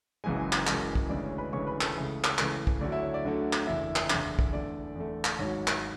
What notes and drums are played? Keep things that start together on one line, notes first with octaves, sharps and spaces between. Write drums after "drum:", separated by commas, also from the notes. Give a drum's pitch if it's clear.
F#1 F#2 E3 G#3 G#4 G#5
drum: clap
F#1 F#2 E3 G#3, drum: clap
drum: kick
E1 D2 C#3 E3 G#3 D5
C#5
B4 B5
E1 D2 C#3 E3 G#3 C#5 C#6
B4 B5
A4 A5, drum: clap
C#2 C#3 E3 A3 G#4 G#5
drum: clap
C#2 C#3 E3 A3, drum: clap
drum: kick
D2 D3 F#3 A3 D5
E4 E5
C#5
D5
D2 D3 F#3 A3
drum: clap
F#1 E2 D3 E4 E5
drum: clap
F#1 E2 D3, drum: clap
drum: kick
E2 D3 A3 D5
E2 D3 A3
drum: clap
G#1 G#2 F#3 C#5
drum: clap